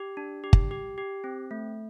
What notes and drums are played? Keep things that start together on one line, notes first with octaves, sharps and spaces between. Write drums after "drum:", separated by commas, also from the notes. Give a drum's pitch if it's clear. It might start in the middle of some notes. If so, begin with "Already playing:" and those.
Already playing: G4
D4
G4
drum: kick G1
G4
G4
C4
A3